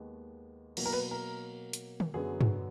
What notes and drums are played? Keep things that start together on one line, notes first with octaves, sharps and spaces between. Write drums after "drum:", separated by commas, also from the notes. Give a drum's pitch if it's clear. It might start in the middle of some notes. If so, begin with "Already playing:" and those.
Already playing: D#2 D#3 G#3 B3
B2 F#3 A#3, drum: cymbal
A#4
B4
A#4
drum: hi-hat
drum: tom D3
F#2 D3 F#3 B3 G#4
drum: tom G2